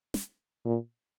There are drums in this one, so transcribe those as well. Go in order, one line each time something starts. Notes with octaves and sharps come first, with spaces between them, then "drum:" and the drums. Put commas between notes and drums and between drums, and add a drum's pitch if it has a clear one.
drum: snare
A#2